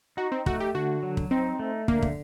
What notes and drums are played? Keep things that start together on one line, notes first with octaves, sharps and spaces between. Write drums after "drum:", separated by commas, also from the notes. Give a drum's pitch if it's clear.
D#4 F#4
C4
A3 F#4, drum: kick
G4
D3 F#4
F#3
drum: kick
C4 D#4
A3
D3 A#3, drum: kick
drum: kick